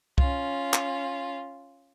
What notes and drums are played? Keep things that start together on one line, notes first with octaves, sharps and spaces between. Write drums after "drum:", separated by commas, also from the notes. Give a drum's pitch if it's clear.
C#4 F4, drum: kick
drum: clap